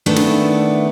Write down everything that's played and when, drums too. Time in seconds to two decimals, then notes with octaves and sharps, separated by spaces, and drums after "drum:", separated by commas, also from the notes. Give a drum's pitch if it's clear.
0.06 D#3 A3 B3 D4 E4
0.16 drum: snare